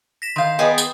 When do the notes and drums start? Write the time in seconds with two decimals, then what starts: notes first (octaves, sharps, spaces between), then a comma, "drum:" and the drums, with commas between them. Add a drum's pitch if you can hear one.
0.22 A#6 B6 E7
0.36 D#3 F5 C6 G6
0.59 B3 D#4 G#4 D5 G5 D#6
0.78 drum: tambourine